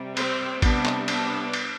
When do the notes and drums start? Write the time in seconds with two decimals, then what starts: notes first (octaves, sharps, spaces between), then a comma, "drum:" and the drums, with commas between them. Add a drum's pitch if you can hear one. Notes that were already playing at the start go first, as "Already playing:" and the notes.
Already playing: C3 G3
0.17 C4, drum: cymbal
0.62 C3 G3 B3 D4, drum: kick A1, cymbal
0.85 drum: clap
1.08 B3 D4, drum: cymbal
1.53 drum: cymbal